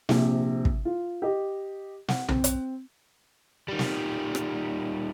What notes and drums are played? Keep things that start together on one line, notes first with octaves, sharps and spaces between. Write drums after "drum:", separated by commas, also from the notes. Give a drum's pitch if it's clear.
A#1 C3, drum: snare
drum: kick
F4
G4 D#5
F#5, drum: snare
C4, drum: tom B1
drum: hi-hat
D#3 G3
drum: snare
drum: rim click